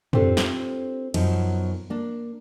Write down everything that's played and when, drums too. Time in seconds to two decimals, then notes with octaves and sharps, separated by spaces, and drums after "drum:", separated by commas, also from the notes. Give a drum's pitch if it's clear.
0.13 C4 D4 F4 G4 A4 C5, drum: tom
0.37 drum: snare
1.14 F#2 B2 F3 F#3 D#4, drum: cymbal
1.90 A#3 D4